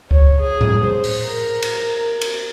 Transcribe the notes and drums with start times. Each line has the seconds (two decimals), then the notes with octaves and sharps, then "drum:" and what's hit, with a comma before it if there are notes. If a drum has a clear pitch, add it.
0.11 C#5, drum: kick C#2
0.41 G#4
0.61 drum: tom A2
0.85 C5
1.04 drum: open hi-hat
1.25 A#4
1.62 drum: cymbal
2.21 drum: cymbal